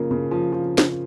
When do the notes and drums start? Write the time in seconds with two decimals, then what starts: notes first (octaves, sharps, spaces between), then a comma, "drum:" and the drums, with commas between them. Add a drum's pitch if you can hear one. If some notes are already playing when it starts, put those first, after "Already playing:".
Already playing: C#3 F3 A#3
0.11 C#3
0.31 F3
0.52 F3
0.78 drum: snare